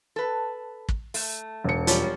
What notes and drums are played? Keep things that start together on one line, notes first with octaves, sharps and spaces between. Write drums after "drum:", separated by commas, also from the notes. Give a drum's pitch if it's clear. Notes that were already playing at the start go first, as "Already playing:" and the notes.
A4 B4
drum: kick
A3, drum: open hi-hat
E1 C#7
F3 G3 C#4, drum: hi-hat